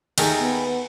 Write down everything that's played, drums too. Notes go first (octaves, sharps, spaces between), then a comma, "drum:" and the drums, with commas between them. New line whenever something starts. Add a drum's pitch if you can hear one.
D#2 A3 D#4 G#4 A#4 G5, drum: cymbal
B3